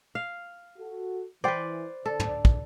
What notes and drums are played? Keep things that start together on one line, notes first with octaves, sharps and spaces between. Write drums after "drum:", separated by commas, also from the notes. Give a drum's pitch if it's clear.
F5
F#4 A4
E3 B4 C5 D5 G5
D3 A4 D5
drum: tom
drum: kick